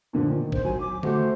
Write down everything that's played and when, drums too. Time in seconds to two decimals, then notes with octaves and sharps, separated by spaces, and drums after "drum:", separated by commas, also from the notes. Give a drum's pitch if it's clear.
0.13 A#2 D3 F3
0.29 D#3
0.52 C5, drum: kick
0.65 F#3 G#5
0.81 D6
1.03 A3 F#4 C5, drum: tom D3